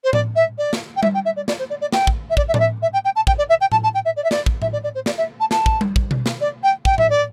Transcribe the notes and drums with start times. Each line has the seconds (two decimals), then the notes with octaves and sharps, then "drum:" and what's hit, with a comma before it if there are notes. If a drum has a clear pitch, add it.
0.04 C5
0.13 D5, drum: tom A2
0.36 E5
0.58 D5
0.73 drum: snare
0.96 G5
1.03 E5, drum: tom G3
1.14 G5
1.25 E5
1.36 D5
1.48 D5, drum: snare
1.59 C5
1.70 D5
1.81 D5
1.92 G5, drum: snare
2.07 drum: kick
2.30 E5
2.37 D5, drum: kick
2.48 E5
2.54 D5, drum: tom A2
2.60 E5
2.82 E5
2.93 G5
3.05 G5
3.16 A5
3.27 G5, drum: kick
3.38 D5
3.49 E5
3.61 G5
3.72 A5, drum: tom A2
3.83 A5
3.94 G5
4.05 E5
4.16 D5
4.24 E5
4.31 D5, drum: snare
4.46 drum: kick
4.62 E5, drum: tom A2
4.73 D5
4.84 D5
4.95 C5
5.06 D5, drum: snare
5.17 E5
5.40 A5
5.51 A5, drum: snare
5.66 drum: kick
5.81 drum: tom G3
5.96 drum: kick
6.11 drum: tom B2
6.26 drum: snare
6.41 D5
6.63 G5
6.85 G5, drum: kick
6.98 E5, drum: tom A2
7.10 D5